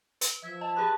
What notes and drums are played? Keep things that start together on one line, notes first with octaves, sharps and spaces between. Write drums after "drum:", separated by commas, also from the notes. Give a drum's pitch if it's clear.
B4, drum: hi-hat
F3 E5 G#6
D#5 A5
G4 G#4 B4 D#6